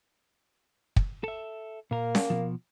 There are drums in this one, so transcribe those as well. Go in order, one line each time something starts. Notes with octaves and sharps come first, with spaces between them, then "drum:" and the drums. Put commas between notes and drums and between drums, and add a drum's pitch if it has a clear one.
drum: kick
A4 E5
A#2 A#3 A#4
drum: snare C#4
B2 F3